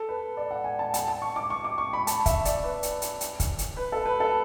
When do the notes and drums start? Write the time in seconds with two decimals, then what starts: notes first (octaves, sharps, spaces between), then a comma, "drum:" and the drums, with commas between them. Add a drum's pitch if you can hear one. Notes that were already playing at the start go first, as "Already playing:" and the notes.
Already playing: A4
0.09 B4
0.37 D5
0.51 F#5
0.64 G#5
0.79 A5
0.94 A5, drum: hi-hat
1.08 A5
1.22 C#6
1.36 D6
1.50 C#6
1.64 D6
1.78 C#6
1.93 B5
2.07 A5, drum: hi-hat
2.26 E5, drum: kick, hi-hat
2.45 D5, drum: hi-hat
2.64 B4
2.83 drum: hi-hat
3.02 drum: hi-hat
3.21 drum: hi-hat
3.40 drum: kick, hi-hat
3.59 drum: hi-hat
3.77 B4
3.92 A4
4.05 B4
4.20 A4